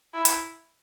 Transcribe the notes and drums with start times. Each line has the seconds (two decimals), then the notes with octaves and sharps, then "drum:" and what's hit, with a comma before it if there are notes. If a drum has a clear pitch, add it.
0.14 E4
0.25 drum: hi-hat